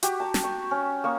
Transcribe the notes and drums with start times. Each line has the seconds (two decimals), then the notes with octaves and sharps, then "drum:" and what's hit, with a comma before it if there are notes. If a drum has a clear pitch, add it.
0.03 F#4 G4, drum: hi-hat
0.20 A5 A#5
0.34 drum: snare
0.44 C#6
0.71 C#4
1.04 A#3 C#6 D#6